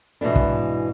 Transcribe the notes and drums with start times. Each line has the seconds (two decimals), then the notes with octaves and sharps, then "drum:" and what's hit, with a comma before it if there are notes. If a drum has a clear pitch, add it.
0.21 G#2 B2 E3 B3 D4
0.35 drum: kick